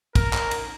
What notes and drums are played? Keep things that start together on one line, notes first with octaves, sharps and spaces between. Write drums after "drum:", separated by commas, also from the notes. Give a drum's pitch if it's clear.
A#4, drum: kick, cymbal
drum: clap
drum: cymbal